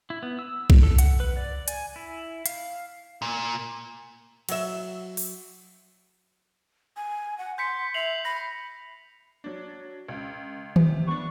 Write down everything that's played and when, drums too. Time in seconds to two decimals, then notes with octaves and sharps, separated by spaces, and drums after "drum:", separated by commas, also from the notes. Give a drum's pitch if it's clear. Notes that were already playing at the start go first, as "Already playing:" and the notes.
0.10 E4
0.23 B3
0.39 E6
0.70 drum: kick B1
0.83 A4
0.98 F#5, drum: hi-hat
1.20 B4
1.37 D5
1.68 G#5, drum: hi-hat
1.96 E4
2.46 F5, drum: hi-hat
3.22 A#2
4.49 F#3 E5, drum: cymbal
5.17 drum: open hi-hat
6.96 G#5
7.38 F#5
7.58 C6 G6 B6 C#7
7.94 E5 C7 F7 F#7
8.25 B5 A#6
9.44 F#3 D4
10.08 C#2
10.76 C3, drum: tom D#3
11.08 B3 D4 C#6